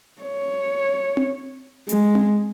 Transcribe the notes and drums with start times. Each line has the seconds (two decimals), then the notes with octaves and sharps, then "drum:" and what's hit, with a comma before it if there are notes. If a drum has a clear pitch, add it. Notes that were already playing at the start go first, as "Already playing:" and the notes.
0.22 C#5
1.17 drum: tom C4
1.89 G#3, drum: hi-hat
2.15 drum: tom C4